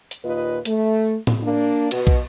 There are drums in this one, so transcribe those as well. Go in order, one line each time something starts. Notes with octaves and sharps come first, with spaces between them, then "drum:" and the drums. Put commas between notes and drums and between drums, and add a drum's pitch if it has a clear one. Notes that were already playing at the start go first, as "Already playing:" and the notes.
drum: hi-hat
D#2 A#2 F4 B4 D#5
A3, drum: hi-hat
drum: tom A2
A#3 D4
B2, drum: cymbal
drum: kick